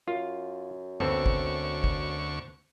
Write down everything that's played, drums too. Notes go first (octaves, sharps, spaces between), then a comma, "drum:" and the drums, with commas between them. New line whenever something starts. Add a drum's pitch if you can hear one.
F#2 F4
D2 B3 C4 A4 C#6, drum: tom F#2
drum: kick
drum: kick